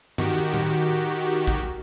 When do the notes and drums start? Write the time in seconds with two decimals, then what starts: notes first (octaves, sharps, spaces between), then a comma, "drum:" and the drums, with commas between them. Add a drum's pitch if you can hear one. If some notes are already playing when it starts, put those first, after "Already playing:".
0.18 D#3 F#4 G4, drum: tom G2
0.54 drum: tom A2
1.47 drum: kick A1